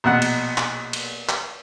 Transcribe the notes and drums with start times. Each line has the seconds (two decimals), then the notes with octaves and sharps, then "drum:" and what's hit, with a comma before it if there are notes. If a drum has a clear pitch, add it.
0.04 A#1 B2 F#5
0.22 drum: cymbal
0.58 drum: clap
0.93 drum: cymbal
1.29 drum: clap